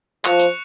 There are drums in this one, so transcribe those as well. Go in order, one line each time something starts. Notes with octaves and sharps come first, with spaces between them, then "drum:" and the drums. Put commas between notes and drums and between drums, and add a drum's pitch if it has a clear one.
F3 C#6 F#6 C#7 F7, drum: clap
drum: hi-hat